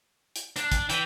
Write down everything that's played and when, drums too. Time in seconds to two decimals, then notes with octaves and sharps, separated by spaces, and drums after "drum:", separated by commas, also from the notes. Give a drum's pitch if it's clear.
0.36 drum: hi-hat
0.56 D4, drum: hi-hat
0.72 drum: kick, hi-hat
0.90 E3 G5, drum: hi-hat